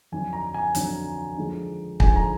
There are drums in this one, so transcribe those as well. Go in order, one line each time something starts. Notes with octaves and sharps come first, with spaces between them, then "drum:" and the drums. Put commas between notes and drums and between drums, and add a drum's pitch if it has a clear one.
F2 D3 F#3 D4 G#5
A#5
G#5
F2 D3 F#3 D4, drum: hi-hat
D3 F3 G#3
D3 F3 G#3 G#5, drum: kick
A#5